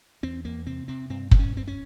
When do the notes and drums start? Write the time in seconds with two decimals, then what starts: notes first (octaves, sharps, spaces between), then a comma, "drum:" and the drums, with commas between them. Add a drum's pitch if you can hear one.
0.23 E2 C4
0.45 E2 A#3
0.66 C3 C4
0.88 C3 C4
1.10 G2 C4
1.31 G2 C4, drum: kick
1.39 C#4
1.53 G2 C4
1.68 C#4